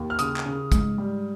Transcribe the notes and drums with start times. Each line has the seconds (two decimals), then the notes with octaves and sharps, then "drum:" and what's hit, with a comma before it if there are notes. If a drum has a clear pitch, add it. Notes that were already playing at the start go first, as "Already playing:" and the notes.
Already playing: D#2
0.10 F6
0.19 C#3 D#6, drum: hi-hat
0.37 drum: clap
0.46 C#3
0.72 G#2, drum: kick, hi-hat
0.98 G3